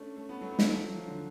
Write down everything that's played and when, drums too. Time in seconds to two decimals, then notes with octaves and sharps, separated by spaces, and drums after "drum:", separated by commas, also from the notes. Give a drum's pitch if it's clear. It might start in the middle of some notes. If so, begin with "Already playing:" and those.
Already playing: A3 C#4 D4
0.17 A3
0.29 B3
0.41 F#3 A3
0.53 B3
0.59 F#3 A3, drum: snare
0.73 F3
0.87 F#3
0.97 F3
1.08 D3